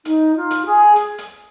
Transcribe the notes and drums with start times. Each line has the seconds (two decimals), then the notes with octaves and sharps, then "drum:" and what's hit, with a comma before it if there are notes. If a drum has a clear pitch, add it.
0.05 D#4, drum: hi-hat
0.36 F4
0.51 drum: hi-hat
0.65 G#4
0.96 drum: hi-hat
1.18 drum: hi-hat